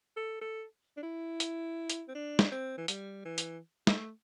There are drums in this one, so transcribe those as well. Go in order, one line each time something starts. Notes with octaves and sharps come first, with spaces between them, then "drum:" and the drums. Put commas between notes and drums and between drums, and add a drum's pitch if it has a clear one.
A4
A4
D4
E4
drum: hi-hat
drum: hi-hat
C4
D4
drum: snare
C4
E3
G3, drum: hi-hat
E3
drum: hi-hat
A3, drum: snare